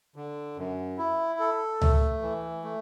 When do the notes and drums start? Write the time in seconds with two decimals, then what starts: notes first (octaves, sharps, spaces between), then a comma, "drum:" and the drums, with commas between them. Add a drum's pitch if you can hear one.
0.16 D3
0.57 F#2
0.98 E4
1.39 A4
1.81 A3, drum: tom C#2
2.22 E3
2.64 A3